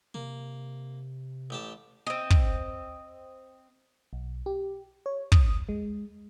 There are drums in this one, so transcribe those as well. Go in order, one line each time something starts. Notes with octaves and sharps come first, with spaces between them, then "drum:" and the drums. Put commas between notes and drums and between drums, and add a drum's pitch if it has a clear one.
C3 A#3
A1 G4 A5
C4 D#5
drum: kick
B1
G4
C#5
D#6, drum: kick
G#3